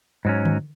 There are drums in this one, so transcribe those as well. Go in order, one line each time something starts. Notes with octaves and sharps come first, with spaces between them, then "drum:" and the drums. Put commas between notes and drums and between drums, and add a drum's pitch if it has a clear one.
G#2 F#3 C#4
drum: tom D3